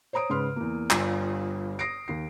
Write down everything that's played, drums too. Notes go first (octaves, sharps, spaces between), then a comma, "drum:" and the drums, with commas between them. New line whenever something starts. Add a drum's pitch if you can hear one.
C5 C#5 A#5 D#6 D7
G#2 C#3 B4 C6 F6
E2 A#3
G1 G2 F4 G#5, drum: clap
D#6 A#6 C7 D7
D#2 C7